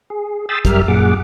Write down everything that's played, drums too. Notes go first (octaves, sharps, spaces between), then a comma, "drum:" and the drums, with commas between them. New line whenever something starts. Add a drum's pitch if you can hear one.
G#4
G5 B5 C6 D#6 E6 A6
F#2 G3 G4 A#4 E5 F6, drum: kick, hi-hat
F#2 A#2 G#4 F#5 D6